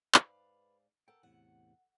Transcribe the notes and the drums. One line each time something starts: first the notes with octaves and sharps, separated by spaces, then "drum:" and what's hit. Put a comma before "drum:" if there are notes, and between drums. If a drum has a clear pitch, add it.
G#2 B4 D5 F5 B5, drum: clap
A4 A#4 F#5 G5
E2 A2 C3 F#5